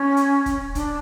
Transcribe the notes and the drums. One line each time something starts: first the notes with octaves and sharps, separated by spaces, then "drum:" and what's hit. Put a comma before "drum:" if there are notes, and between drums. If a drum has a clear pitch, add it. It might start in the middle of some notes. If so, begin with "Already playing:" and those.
Already playing: C#4
drum: hi-hat
drum: kick, hi-hat
D4, drum: kick, hi-hat